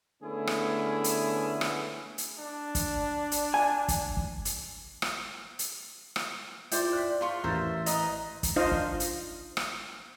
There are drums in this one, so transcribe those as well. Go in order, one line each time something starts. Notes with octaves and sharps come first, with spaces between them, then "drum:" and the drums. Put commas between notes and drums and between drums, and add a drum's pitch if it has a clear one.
D3 A3 B3 C#4 E4 G#4
drum: rim click
drum: hi-hat
drum: rim click
drum: hi-hat
D4
drum: kick, hi-hat
drum: hi-hat
G#5
drum: kick, hi-hat
drum: kick
drum: hi-hat
drum: rim click
drum: hi-hat
drum: rim click
E4 F4 C5 D5 E5 G5, drum: hi-hat
F#6 B6
F4 C6 C#6
A1 E4 A#4 C5 E5 A6
B4 D#5 A#5, drum: hi-hat
drum: kick, hi-hat
D4 D#4 F4 C5 D#5 F5
drum: kick
drum: hi-hat
drum: rim click